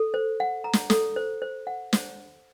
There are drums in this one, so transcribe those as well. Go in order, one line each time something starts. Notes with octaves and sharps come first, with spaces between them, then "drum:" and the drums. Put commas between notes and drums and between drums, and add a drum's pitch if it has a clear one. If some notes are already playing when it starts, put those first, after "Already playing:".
Already playing: A4
C5
F#5
A#5
drum: snare
A4, drum: snare
C5
C5
F#5
C5, drum: snare